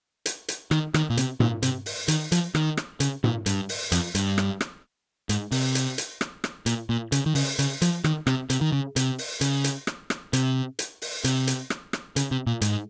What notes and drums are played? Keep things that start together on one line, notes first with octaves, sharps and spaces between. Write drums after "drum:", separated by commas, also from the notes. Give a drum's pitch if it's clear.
drum: hi-hat
drum: hi-hat
D#3, drum: rim click
D#3, drum: rim click
A#2
C3, drum: hi-hat
A#2, drum: tom G#2
C3, drum: hi-hat
drum: open hi-hat
D#3, drum: hi-hat
F3, drum: hi-hat
D#3, drum: rim click
drum: rim click
C#3, drum: hi-hat
A#2, drum: tom G#2
G2, drum: hi-hat
drum: open hi-hat
F2, drum: hi-hat
G2, drum: hi-hat
drum: rim click
drum: rim click
G#2, drum: hi-hat
C3, drum: open hi-hat
drum: hi-hat
drum: hi-hat
drum: rim click
drum: rim click
A#2, drum: hi-hat
A#2
C#3, drum: hi-hat
D#3
C#3, drum: open hi-hat
C#3, drum: hi-hat
F3, drum: hi-hat
D#3, drum: rim click
C3, drum: rim click
C3, drum: hi-hat
D#3
C#3
C3, drum: hi-hat
drum: open hi-hat
C#3, drum: hi-hat
drum: hi-hat
drum: rim click
drum: rim click
C3, drum: hi-hat
drum: hi-hat
drum: open hi-hat
C3, drum: hi-hat
drum: hi-hat
drum: rim click
drum: rim click
C#3, drum: hi-hat
C3
A#2
G#2, drum: hi-hat